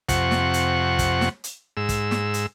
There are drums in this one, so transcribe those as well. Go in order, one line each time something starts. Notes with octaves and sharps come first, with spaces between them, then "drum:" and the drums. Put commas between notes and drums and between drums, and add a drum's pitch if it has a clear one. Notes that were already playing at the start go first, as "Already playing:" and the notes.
F2 C3 F#5 C#6, drum: kick, hi-hat
drum: snare
drum: hi-hat
drum: kick, hi-hat
drum: snare
drum: hi-hat
G#2 E6
drum: kick, hi-hat
drum: snare
drum: hi-hat